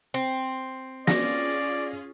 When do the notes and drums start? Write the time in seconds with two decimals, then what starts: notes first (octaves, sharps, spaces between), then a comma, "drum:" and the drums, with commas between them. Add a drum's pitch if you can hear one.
0.14 C4
1.07 C#4 F4 G#4 D5 A#6, drum: snare